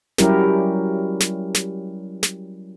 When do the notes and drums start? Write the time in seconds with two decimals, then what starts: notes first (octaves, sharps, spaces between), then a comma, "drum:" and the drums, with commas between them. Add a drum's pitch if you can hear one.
0.18 F#3 G3 C#4 E4 G4 A#4, drum: snare
1.21 drum: snare
1.55 drum: snare
2.23 drum: snare